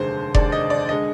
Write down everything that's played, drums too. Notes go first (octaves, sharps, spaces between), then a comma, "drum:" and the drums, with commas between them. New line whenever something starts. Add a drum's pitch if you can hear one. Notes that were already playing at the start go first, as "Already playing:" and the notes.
Already playing: F1 D#2 D3 G#3 C5
F1 D#2 D3 G#3 D5, drum: kick F1
D#5
D5
D3 G#3 D#5